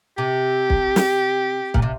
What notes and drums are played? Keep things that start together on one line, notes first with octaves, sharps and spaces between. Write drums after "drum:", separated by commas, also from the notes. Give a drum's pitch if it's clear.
C3 G4
drum: kick
drum: snare
A#2, drum: kick
C3